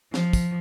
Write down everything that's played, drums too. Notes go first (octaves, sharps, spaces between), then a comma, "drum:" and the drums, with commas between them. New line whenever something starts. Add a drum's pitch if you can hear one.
F3, drum: snare
drum: kick, tambourine